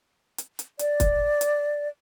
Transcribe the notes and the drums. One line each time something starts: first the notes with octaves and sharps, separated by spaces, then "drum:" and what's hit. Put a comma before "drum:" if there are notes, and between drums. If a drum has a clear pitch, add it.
drum: hi-hat
drum: hi-hat
D5, drum: hi-hat
drum: kick, hi-hat
drum: hi-hat